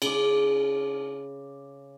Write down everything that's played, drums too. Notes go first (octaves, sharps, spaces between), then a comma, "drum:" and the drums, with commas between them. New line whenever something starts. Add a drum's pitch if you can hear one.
C#3 D6, drum: cymbal